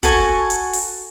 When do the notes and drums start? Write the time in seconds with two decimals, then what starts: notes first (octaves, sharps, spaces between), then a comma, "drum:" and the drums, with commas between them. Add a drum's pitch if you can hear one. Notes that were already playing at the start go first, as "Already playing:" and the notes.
0.03 F#4 A4 G#5 C#6, drum: kick, hi-hat
0.50 drum: hi-hat
0.73 drum: open hi-hat